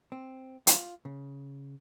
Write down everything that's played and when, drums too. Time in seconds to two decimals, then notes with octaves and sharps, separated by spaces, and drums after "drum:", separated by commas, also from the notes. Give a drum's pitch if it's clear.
0.12 C4
0.67 F4, drum: hi-hat
1.05 C#3